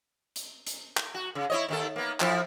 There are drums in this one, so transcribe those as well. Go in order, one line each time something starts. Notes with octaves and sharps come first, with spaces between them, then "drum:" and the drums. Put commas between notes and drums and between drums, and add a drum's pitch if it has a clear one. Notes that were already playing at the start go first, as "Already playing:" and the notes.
drum: hi-hat
drum: hi-hat
drum: clap
F#4
C#3
E4 C#5 D#5
D#2 D#3 A4
A#3 B3
F2 F3 E4, drum: clap